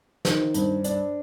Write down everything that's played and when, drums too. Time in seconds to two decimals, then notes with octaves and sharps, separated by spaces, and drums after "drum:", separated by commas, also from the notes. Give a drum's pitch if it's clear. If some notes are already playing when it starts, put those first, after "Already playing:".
0.25 D#3 C5, drum: snare
0.54 G2 C5, drum: hi-hat
0.84 D4 D5, drum: hi-hat